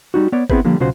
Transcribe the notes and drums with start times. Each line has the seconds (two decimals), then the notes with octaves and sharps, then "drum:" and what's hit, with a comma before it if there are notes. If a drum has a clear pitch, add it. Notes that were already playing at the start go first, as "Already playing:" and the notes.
0.14 G3 D#4 F#4
0.32 B3 C#5 D5
0.50 B3 C4 E4 G#4 B4 C5, drum: kick G1
0.65 D3 F3 G3 A#3
0.80 B1 C#3 F4 F#4 C5